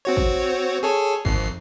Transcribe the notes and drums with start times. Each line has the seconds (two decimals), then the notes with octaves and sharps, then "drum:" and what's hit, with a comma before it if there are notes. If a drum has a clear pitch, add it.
0.05 C4 F#4 C#5
0.17 drum: kick
0.83 G#4 A4 C#5
1.25 G#1 F2 C7, drum: kick